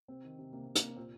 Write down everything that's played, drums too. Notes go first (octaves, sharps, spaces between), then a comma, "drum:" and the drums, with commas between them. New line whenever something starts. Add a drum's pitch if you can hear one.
C3 C4
D#3
C3
C3 A#3
C3
A#3, drum: hi-hat
C3
A#2 C4